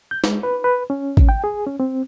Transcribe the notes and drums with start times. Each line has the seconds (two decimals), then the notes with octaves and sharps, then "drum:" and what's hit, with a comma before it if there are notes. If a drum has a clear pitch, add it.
0.11 G6
0.24 G#3, drum: snare
0.43 B4
0.64 B4
0.90 C#4
1.17 drum: kick
1.29 G5
1.44 G#4
1.67 C#4
1.80 C4